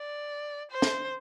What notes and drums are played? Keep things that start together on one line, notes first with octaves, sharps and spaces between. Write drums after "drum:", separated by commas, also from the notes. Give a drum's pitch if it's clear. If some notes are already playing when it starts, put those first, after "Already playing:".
Already playing: D5
C5
drum: snare